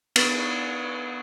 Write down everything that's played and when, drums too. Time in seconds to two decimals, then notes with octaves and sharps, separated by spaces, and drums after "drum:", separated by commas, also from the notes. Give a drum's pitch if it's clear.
0.16 B3 A6, drum: cymbal